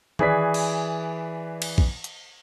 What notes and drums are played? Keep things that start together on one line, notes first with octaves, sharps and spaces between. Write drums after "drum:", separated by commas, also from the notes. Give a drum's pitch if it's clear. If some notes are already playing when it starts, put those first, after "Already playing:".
E3 G#4 B4 D5 B6, drum: tom D#3
drum: cymbal
drum: cymbal
drum: kick A#1
drum: hi-hat